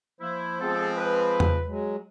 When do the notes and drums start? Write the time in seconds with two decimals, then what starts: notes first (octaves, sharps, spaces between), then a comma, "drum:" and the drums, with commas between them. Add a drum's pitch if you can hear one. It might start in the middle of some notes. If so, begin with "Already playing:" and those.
0.21 F3 A#3 E4 C5
0.61 F3 G#3 B3 C4 G#4 A4
0.97 B4
1.40 drum: tom E2
1.66 F#3 G#3